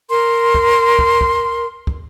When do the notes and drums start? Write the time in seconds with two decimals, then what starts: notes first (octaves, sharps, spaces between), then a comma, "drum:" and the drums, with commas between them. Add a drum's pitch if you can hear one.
0.10 A#4 C6
0.55 drum: kick
0.99 drum: kick
1.21 drum: kick
1.87 drum: kick